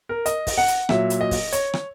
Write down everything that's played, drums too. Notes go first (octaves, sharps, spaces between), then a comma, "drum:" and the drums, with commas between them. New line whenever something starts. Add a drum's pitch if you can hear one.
A#4
D#5, drum: hi-hat
drum: kick, open hi-hat
F#5
drum: hi-hat
A#2 F#3 E5, drum: rim click
drum: hi-hat
D#5
drum: kick, open hi-hat
C#5, drum: hi-hat
drum: rim click